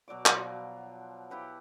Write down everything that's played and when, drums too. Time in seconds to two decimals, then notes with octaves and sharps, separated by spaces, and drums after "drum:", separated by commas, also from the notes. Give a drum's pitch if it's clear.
0.08 B2 F#3 D5 D6
0.26 B2 F3 F#3 F4, drum: clap
1.30 E4 G4 B4 F#5